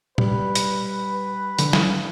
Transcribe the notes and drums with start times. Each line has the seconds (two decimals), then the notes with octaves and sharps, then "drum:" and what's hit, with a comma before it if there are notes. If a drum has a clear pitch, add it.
0.18 G3 B4, drum: tom A#2
0.55 drum: hi-hat
1.59 D3, drum: hi-hat
1.73 E3, drum: snare